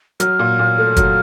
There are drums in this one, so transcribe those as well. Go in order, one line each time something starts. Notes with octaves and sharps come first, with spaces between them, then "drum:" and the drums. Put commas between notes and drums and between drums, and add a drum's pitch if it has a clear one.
F#3 F6, drum: hi-hat
A#2
A#2
A3
F#3, drum: kick, hi-hat